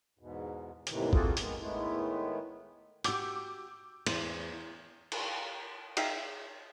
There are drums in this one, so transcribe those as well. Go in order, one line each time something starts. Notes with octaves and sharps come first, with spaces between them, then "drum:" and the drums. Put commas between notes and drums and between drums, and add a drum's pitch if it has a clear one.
E2 G#2 B2
D#2 A2 C3 D#3 E3, drum: hi-hat
A#3 C4 F4 F#4 G#4 A4, drum: kick
D#3 G#3 B3, drum: hi-hat
A2 D#3 G#3 A3 B3 E4
F#4 G4 D6 E6 G6, drum: hi-hat
E2 C5, drum: cymbal
drum: cymbal
D#4 G#4 E5 F5 G5, drum: cymbal